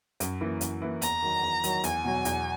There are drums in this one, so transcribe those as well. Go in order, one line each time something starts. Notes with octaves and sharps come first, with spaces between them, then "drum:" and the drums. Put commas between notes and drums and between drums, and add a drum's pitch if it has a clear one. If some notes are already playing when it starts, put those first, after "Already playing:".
F#2, drum: hi-hat
E3 A#3 E4 B4
F#2, drum: hi-hat
E3 A#3 E4 B4
E2 A#5, drum: hi-hat
D#3 F#3
E2
D#3 F#3, drum: hi-hat
E2 G#5, drum: hi-hat
B2 F#3
E2, drum: hi-hat